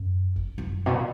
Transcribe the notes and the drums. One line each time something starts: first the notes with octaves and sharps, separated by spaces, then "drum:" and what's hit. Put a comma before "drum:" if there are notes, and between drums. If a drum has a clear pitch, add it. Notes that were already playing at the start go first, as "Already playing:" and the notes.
Already playing: F#2
drum: kick
F#2
B2
A#2